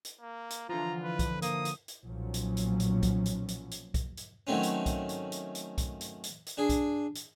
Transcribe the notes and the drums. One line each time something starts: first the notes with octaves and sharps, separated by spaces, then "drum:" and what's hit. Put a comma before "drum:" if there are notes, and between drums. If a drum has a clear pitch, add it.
drum: hi-hat
A#3
drum: hi-hat
D3 E3 F3 F4 A#5
B4
drum: kick B1, hi-hat
A#3 D#6, drum: hi-hat
drum: hi-hat
drum: hi-hat
B1 A#2 F3 F#3 C#4
drum: hi-hat
drum: hi-hat
drum: hi-hat
drum: kick B1, hi-hat
drum: hi-hat
drum: hi-hat
drum: hi-hat
drum: kick B1, hi-hat
drum: hi-hat
D#3 F#3 A3 C4 C#4
drum: hi-hat
drum: kick B1, hi-hat
drum: hi-hat
drum: hi-hat
drum: hi-hat
drum: kick B1, hi-hat
drum: hi-hat
drum: hi-hat
drum: hi-hat
D4 G#4
drum: kick B1, hi-hat
drum: hi-hat